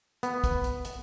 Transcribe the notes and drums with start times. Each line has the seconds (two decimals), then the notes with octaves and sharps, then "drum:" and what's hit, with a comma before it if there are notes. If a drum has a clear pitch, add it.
0.23 B3, drum: hi-hat
0.44 drum: kick, hi-hat
0.64 drum: hi-hat
0.85 drum: hi-hat